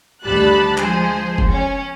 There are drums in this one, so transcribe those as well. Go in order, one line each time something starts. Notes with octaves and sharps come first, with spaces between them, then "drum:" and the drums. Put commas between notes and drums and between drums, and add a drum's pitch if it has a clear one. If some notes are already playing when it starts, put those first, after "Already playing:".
D2 D#3 G3 A5 B5 F#6
F3 G#3 G#4 C5, drum: clap
drum: kick
C#4